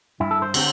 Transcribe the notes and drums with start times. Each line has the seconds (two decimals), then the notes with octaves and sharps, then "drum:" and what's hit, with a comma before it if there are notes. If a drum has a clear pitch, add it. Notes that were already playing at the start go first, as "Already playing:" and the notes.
0.20 G2 E4
0.31 A4
0.42 C5
0.54 D3 C4, drum: cymbal